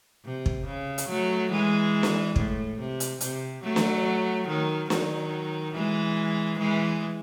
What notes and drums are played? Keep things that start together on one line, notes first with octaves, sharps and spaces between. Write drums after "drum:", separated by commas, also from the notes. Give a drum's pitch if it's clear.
C3
drum: kick
C#3
drum: hi-hat
F#3 A3
E3 G#3
drum: snare
A2, drum: kick
C3
drum: hi-hat
C3, drum: hi-hat
F#3 A3
drum: snare
D#3 F#3
D#3 F#3, drum: snare
E3 G#3
E3 G#3